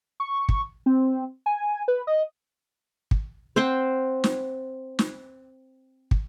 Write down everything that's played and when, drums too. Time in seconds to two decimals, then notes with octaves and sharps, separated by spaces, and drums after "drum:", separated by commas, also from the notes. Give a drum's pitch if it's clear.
0.20 C#6
0.49 drum: kick
0.86 C4
1.46 G#5
1.88 B4
2.07 D#5
3.11 drum: kick
3.56 C4 C5 F#5 G5
4.24 drum: snare
4.99 drum: snare
6.11 drum: kick